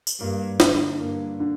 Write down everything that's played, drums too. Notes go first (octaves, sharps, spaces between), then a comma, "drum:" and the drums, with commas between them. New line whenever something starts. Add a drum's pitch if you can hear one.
drum: tambourine
G2 A#3
D3, drum: snare
G2 A#3
D3